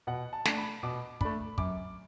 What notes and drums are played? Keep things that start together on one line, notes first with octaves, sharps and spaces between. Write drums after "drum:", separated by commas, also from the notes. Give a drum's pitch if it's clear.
B2 F#5
A5
A3 D4, drum: snare
B5
B2 D6
A3 D4 B5, drum: kick
F#2 D6, drum: kick